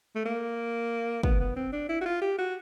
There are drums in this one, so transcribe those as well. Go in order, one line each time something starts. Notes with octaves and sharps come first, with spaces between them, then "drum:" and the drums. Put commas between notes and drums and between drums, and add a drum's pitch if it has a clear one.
A3
A#3
B3, drum: kick
B3
C4
D4
E4
F#4
F4
G4
F#4